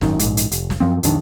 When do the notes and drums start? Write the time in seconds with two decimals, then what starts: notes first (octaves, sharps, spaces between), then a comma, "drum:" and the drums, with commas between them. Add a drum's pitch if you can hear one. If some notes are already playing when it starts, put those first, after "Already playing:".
0.01 G#1 F#2 D#3, drum: snare
0.19 A#1 G#2, drum: kick, hi-hat
0.37 drum: hi-hat
0.51 F1, drum: hi-hat
0.70 drum: snare
0.80 F#2 F3 C4
1.03 B1 F2 D#3 D4, drum: hi-hat